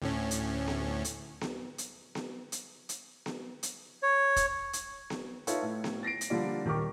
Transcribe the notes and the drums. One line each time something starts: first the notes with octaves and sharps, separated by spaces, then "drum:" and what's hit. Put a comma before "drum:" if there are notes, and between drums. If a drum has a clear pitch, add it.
D2 A2 C#4
drum: hi-hat
drum: snare B3
drum: hi-hat
drum: snare B3
drum: hi-hat
drum: snare B3
drum: hi-hat
drum: hi-hat
drum: snare B3
drum: hi-hat
C#5
drum: kick, hi-hat
drum: hi-hat
drum: snare B3
D#4 F4 A4 B4 C#5 E5, drum: hi-hat
A2
drum: snare B3
A6 A#6 C7 D7
drum: hi-hat
D3 F3 G3 A#3 D5
D#1 D#3 G4 A#4 C#6 D6